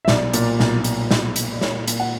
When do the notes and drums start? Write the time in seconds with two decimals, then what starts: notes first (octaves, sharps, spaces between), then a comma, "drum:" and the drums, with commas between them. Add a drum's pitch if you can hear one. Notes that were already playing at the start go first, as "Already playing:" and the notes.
0.05 E5
0.08 B1 D5, drum: snare
0.34 A#2, drum: hi-hat
0.60 B1, drum: snare
0.84 A#2, drum: hi-hat
1.11 B1, drum: snare
1.36 A#2, drum: hi-hat
1.54 D5
1.61 A#2 C#5, drum: snare
1.88 A#2, drum: hi-hat
2.00 F#5